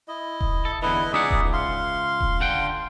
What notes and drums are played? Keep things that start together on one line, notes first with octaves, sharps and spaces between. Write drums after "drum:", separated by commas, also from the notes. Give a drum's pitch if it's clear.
E4 D#5
drum: kick D#1
A4
E2 D3 E3 E4 B4 D#5
C#2 D#4 G#4 D5 E5 F#5
drum: kick D#1
F5 C6
drum: kick D#1
D3 F#5 G5